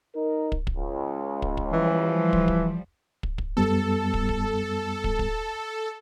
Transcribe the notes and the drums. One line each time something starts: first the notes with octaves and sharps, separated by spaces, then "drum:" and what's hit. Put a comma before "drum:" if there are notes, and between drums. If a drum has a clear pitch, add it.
D#4 A#4
drum: kick
drum: kick
C#2
drum: kick
drum: kick
E3 F3 G3
drum: kick
drum: kick
drum: kick
drum: kick
F#2 G3 B3 A4
drum: kick
drum: kick
drum: kick
drum: kick